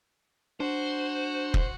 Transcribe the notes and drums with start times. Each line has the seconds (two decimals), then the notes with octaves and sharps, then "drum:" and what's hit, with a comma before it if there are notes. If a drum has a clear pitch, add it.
0.60 D4 F#4 C5
1.54 drum: kick